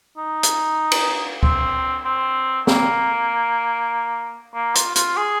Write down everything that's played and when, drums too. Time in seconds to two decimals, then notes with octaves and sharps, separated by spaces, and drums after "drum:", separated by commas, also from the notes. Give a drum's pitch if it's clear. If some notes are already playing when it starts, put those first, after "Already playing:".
0.17 D#4
0.43 drum: hi-hat
0.92 drum: cymbal
1.43 C4, drum: kick C#2
2.05 C4
2.67 A#3, drum: snare
4.54 A#3
4.75 F4, drum: hi-hat
4.96 F4, drum: hi-hat
5.17 G#4